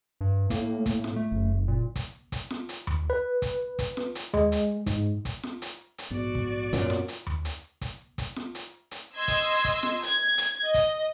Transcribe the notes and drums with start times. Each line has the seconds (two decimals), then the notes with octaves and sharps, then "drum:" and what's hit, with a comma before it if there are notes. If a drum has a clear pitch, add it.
0.21 G2
0.50 A2 A#3, drum: kick, hi-hat
0.86 drum: kick, hi-hat
1.04 drum: snare F4
1.16 A3
1.32 F#1
1.68 A#2
1.96 drum: kick, hi-hat
2.32 drum: kick, hi-hat
2.50 drum: snare F4
2.69 drum: hi-hat
2.87 drum: tom D#2
3.10 B4
3.42 drum: kick, hi-hat
3.79 drum: kick, hi-hat
3.97 drum: snare F4
4.15 drum: hi-hat
4.34 G#3, drum: tom D#2
4.52 drum: hi-hat
4.86 G#2, drum: kick, hi-hat
5.25 drum: kick, hi-hat
5.43 drum: snare F4
5.62 drum: hi-hat
5.98 drum: hi-hat
6.10 A#1 G#2 B3 F#4 D5
6.35 drum: kick
6.73 F#2 A#2 F#3, drum: kick, hi-hat
6.90 drum: snare F4
7.08 drum: hi-hat
7.27 drum: tom D#2
7.45 drum: hi-hat
7.81 drum: kick, hi-hat
8.18 drum: kick, hi-hat
8.36 drum: snare F4
8.55 drum: hi-hat
8.91 drum: hi-hat
9.15 D#5 C6 E6 G#6
9.28 drum: kick, hi-hat
9.65 drum: kick, hi-hat
9.83 drum: snare F4
10.03 G#6, drum: hi-hat
10.38 drum: hi-hat
10.64 D#5
10.74 drum: kick, hi-hat